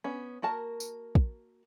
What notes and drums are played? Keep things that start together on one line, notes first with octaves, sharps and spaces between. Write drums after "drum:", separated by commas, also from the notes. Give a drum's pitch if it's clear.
B3 C#4
A#3 F#4 A#4 A5
drum: tambourine
drum: kick